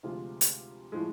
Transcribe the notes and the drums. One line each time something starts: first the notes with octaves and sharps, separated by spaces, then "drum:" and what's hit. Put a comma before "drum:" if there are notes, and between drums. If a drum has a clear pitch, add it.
D2 C3 F3 G#3 F4
drum: hi-hat
A2 F3 G#3